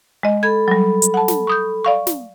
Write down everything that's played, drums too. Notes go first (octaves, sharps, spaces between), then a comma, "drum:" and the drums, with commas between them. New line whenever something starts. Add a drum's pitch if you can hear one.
G#3 D#5
A4 B5 G#6
F#3 G3
drum: hi-hat
F#5 A5
drum: snare
C#6 D#6 G6
D5 F5 C#6
drum: snare